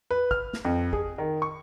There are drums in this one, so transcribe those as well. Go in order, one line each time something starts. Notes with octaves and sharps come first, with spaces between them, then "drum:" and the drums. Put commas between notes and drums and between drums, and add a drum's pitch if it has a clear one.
B4
F6, drum: kick
drum: snare
F2
G#4, drum: kick
D#3
C#6